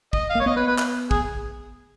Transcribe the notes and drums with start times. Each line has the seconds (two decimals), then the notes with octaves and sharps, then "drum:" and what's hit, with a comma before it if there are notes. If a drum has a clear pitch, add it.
0.13 D#5, drum: kick
0.30 F5
0.35 A#3 C#5
0.46 B3 D#5
0.57 B4
0.67 B4
0.78 drum: clap
1.11 G#4, drum: kick